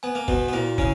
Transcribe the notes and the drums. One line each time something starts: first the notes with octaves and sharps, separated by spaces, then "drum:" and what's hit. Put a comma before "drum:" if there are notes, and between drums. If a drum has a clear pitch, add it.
B3 G#5
A#3
B2 B3 F#4, drum: kick
B3
A#2 A#3 E4
C#3 C#4 E4, drum: kick